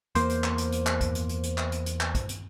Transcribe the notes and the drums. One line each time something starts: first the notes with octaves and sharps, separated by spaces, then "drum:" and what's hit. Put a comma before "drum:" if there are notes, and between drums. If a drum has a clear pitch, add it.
E2 A#3 C5, drum: hi-hat
drum: hi-hat
drum: clap
drum: hi-hat
drum: hi-hat
drum: clap
drum: kick, hi-hat
drum: hi-hat
drum: hi-hat
drum: hi-hat
drum: clap
drum: hi-hat
drum: hi-hat
drum: clap
drum: kick, hi-hat
drum: hi-hat